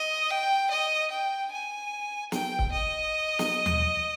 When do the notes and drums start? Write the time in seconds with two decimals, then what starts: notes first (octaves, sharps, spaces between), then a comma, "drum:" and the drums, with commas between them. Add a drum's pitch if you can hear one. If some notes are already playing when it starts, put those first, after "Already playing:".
Already playing: D#5
0.31 G5
0.71 D#5
1.12 G5
1.52 G#5
2.32 G5, drum: snare
2.59 drum: kick
2.72 D#5
3.39 drum: snare
3.66 drum: tom D#2